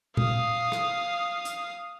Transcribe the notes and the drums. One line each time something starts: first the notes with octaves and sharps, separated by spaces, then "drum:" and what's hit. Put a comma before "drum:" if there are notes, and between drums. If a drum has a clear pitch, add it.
F5 D#6, drum: tom A#2
drum: rim click
drum: hi-hat